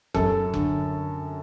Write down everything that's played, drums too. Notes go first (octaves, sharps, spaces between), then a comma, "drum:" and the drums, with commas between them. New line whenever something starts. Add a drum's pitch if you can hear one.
F#2 A4, drum: kick F1
D3, drum: kick F1